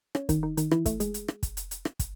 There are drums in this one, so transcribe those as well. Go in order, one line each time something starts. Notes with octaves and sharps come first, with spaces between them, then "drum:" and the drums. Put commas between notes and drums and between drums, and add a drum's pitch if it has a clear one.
C#4 C#5, drum: rim click
D#3 D#4, drum: kick, hi-hat
D#3 D#4
D#3 D#4, drum: hi-hat
E3 E4, drum: rim click
A3 A4, drum: kick, hi-hat
G#3 G#4, drum: hi-hat
drum: hi-hat
drum: rim click
drum: kick, hi-hat
drum: hi-hat
drum: hi-hat
drum: rim click
drum: kick, hi-hat